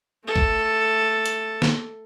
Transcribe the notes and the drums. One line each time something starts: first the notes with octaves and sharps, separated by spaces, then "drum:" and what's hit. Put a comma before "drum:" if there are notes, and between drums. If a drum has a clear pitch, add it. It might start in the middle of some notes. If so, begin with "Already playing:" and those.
A3 A4
drum: kick
drum: hi-hat
drum: snare